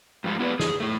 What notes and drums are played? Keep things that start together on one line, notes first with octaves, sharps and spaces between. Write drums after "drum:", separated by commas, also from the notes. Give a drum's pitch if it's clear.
G2 F3 G3 G#3
B3 E4 G4 B4 D5
G#4, drum: snare
A2 A3